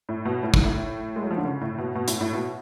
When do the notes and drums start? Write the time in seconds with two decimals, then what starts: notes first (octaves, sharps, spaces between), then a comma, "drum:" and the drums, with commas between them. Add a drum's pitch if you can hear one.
0.09 A2
0.25 B2
0.43 A2
0.54 G#2, drum: kick
0.64 A2
1.16 G#3
1.22 F#3
1.31 F3
1.37 D3
1.45 C#3
1.61 A2
1.78 B2
1.95 B2
2.08 A2, drum: hi-hat
2.21 A2
2.33 B2